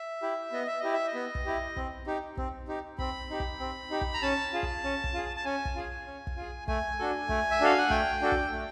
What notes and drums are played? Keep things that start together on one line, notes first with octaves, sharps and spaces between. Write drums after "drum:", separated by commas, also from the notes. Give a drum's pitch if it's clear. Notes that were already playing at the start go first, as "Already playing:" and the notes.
Already playing: E5
E4 G4
B3 D#5
E5
E4 G4 D#5
E5
D#5
B3
drum: kick
E4 G4
C4, drum: kick
D#4 G4
C4, drum: kick
D#4 G4
C4 B5, drum: kick
D#4 G4
drum: kick
C4
D#4 G4
drum: kick
A#5
C#4 A5
F4 G#4
drum: kick
C#4
drum: kick
F4 G#4
A5
C#4 G#5
drum: kick
F4 G#4
C#4
drum: kick
F4 G#4
A3 G#5, drum: kick
D4 F#4 A4
A3, drum: kick
E5
D4 F#4 A4 F5
F#5
A3 G5, drum: kick
D4 F#4 A4
drum: kick
A3